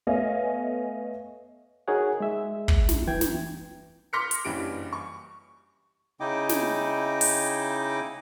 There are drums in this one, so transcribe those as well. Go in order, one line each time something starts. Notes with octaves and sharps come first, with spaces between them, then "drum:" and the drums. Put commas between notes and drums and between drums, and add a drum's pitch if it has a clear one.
A3 B3 C#5 D#5 F5 G#5
D#4 F#4 G#4 A#4 C#5 F#5
G#3 E5
drum: kick
drum: snare
F#2 E3 G5 G#6
drum: snare
C6 D6 F6 A#6 B6 C#7
drum: hi-hat
F#1 G2 E3 C#4 G4 D7
C#6
C#3 D#4 E4 D#5 G5 D6
drum: snare
drum: open hi-hat